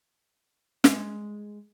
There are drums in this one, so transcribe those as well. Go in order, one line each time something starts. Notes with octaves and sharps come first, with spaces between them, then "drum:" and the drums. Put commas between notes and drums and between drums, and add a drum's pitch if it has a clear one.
G#3, drum: snare